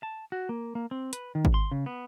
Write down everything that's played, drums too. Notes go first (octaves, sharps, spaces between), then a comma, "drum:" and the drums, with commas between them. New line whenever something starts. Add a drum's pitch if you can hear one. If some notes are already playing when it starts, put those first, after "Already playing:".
A5
F#4
A#3
A#3
C4
B4, drum: hi-hat
D#3
drum: kick G#1
C6
C#3
B3